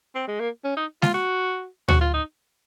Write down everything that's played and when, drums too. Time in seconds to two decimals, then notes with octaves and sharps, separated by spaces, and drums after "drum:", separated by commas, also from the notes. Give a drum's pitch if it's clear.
0.15 C4
0.28 G#3
0.40 A#3
0.64 C#4
0.77 D#4
1.02 F4, drum: snare G#3
1.14 F#4
1.88 F#4, drum: tom D2
2.01 F4
2.13 D#4